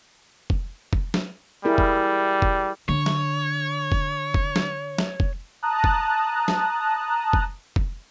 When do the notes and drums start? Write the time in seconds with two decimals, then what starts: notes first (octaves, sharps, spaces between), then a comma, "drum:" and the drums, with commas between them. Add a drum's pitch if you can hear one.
0.50 drum: kick F1
0.93 drum: kick F1
1.14 drum: snare
1.65 G3 E4 G#4 A#4
1.78 drum: kick F1
2.42 drum: kick F1
2.89 D3 C#5
3.06 drum: snare
3.92 drum: kick F1
4.34 drum: kick F1
4.56 drum: snare
4.98 drum: snare
5.20 drum: kick F1
5.63 A5 A#5 D#6 F#6
5.84 drum: kick F1
6.48 drum: snare
7.33 drum: kick F1
7.76 drum: kick F1